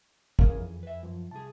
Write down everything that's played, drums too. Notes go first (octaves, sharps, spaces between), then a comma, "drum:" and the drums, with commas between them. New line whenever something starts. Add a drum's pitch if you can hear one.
E3 C#4 G#4 A#4 F5, drum: kick
F2
B4 E5
F#2 F3
C2 G#4 A5